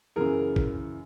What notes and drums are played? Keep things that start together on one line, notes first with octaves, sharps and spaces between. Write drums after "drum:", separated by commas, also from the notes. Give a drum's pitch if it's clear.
F#2 C#3 E3 G#4 A#4
drum: kick